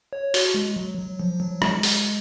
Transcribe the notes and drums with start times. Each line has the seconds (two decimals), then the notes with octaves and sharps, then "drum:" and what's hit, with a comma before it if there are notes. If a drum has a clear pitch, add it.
0.13 C#5
0.34 F#4, drum: open hi-hat
0.54 G#3
0.76 F#3
0.98 F#3
1.20 F3
1.40 F#3
1.62 G#3, drum: rim click
1.83 drum: open hi-hat